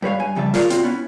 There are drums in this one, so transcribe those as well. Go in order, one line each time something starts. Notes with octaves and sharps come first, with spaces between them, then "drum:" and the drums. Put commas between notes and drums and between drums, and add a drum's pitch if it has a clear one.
G2 B4 C#5 F5
G2 G#5
F2 C#3 G3 E5 A5
F4 G#4 A#4 C#5 D5 F5, drum: snare
C4 F4 F#4, drum: hi-hat
B3 C#4 E4